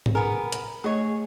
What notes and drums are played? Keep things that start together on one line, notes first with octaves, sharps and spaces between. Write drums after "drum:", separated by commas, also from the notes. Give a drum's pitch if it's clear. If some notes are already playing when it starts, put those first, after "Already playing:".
drum: tom G#2
B3 G#4 A#4 G#5
drum: hi-hat
A3 G#4 C#5 D#5